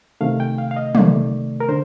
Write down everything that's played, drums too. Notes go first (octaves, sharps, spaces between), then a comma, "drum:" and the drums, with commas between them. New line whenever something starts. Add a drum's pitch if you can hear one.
C3 D#3 A3 F5
G5
F5
F5
D#5
C3 D#3 A3 D5, drum: tom
A#4
D3 C5